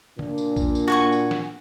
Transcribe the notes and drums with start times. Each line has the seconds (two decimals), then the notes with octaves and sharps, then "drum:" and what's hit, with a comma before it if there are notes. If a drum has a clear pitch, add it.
0.19 A#2 D4, drum: tom C#3
0.38 drum: tambourine
0.56 drum: kick A#1, tambourine
0.75 drum: tambourine
0.88 F#4 G#5 C#6
1.12 drum: tambourine
1.31 drum: snare